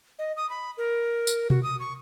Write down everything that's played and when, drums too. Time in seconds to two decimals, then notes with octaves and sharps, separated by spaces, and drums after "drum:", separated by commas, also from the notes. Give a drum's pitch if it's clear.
0.19 D#5
0.37 D#6
0.50 B5
0.78 A#4
1.27 drum: tambourine
1.50 F#4, drum: tom B2
1.63 D#6
1.80 C#6